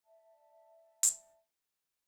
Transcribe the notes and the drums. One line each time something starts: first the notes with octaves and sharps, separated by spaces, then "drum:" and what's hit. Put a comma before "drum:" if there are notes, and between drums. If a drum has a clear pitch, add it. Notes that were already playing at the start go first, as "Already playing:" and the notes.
D5 E5 A5
drum: hi-hat